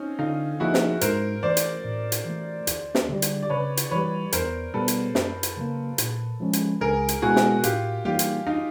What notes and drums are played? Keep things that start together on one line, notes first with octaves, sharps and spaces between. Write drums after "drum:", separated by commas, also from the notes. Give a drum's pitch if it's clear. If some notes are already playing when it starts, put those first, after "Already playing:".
Already playing: C4 C#4 D#4
D3 D#4 F4
F3 A#3 D#4 E4 F#4 G#4
drum: snare
G#2 A#4 C5, drum: hi-hat
E3 A3 C5 D5
drum: hi-hat
A2
drum: hi-hat
E3 A3
D2, drum: hi-hat
drum: snare
D3 G3
drum: hi-hat
D5
C#3 B4 C#5
drum: hi-hat
E3 G3 B4 C#5
E2 A#4 C5, drum: hi-hat
B2 G3 B3 A4 B4
drum: hi-hat
F#2, drum: snare
drum: hi-hat
C#3 F#3 A#3
A#2, drum: hi-hat
F3 G#3 C#4
drum: hi-hat
C#2 G#4 A#4
drum: hi-hat
B2 G#3 B3 E4 F#4 G#4
drum: snare
A2 F4 G4, drum: hi-hat
E3 G3 A#3 D#4 F4 G4
drum: hi-hat
D#4 F4